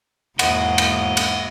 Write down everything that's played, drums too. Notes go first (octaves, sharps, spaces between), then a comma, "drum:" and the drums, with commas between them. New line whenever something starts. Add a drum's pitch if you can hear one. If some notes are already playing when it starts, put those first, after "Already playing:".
E2 G#2 B2 A#3 D#5 F#5, drum: cymbal
drum: cymbal
drum: cymbal